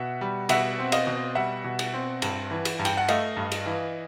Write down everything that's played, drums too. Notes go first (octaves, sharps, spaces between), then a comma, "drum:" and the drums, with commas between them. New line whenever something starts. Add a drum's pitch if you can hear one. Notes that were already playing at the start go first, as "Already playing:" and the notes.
Already playing: B2 E5 F#5
G3
B2 E5 F#5, drum: cymbal
C4
D#5 F5, drum: cymbal
B2
G3 E5 F#5
B2
drum: cymbal
C4
G2, drum: cymbal
E3
drum: cymbal
G2
G5, drum: cymbal
F#5
A3 D#5 F5, drum: cymbal
G2
drum: cymbal
E3